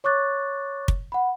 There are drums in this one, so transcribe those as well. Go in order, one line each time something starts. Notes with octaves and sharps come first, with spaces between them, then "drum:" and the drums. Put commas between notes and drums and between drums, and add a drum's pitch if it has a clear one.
C#5 C#6 D6 F#6 A6
drum: kick
F#5 B5